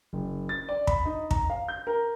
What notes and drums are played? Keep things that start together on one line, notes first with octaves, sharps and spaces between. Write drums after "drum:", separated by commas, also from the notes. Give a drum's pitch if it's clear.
F#1
A6
D5
B5, drum: kick
D#4
A#5, drum: kick
F5
G6
A#4